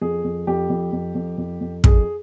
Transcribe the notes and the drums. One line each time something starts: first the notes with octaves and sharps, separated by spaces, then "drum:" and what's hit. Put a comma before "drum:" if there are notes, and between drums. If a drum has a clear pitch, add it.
F2 G#4
F2
F2 G4
F2
F2
F2
F2
F2
F2 G#4, drum: kick